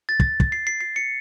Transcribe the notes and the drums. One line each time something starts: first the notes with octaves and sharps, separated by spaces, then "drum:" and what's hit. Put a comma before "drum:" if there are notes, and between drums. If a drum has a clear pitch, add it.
A6
drum: kick
drum: kick
C7
C7
C7
C#7